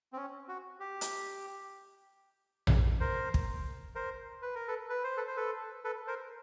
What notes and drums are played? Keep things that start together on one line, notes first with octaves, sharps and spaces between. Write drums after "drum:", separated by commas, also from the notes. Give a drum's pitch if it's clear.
C4
C#4
F#4
G4
drum: hi-hat
drum: tom A#1
A#4 C5
drum: kick
A#4 C5
B4
A#4
A4 B4
B4
C5
A4 B4
C5
A4 B4
A4 B4
A#4 C5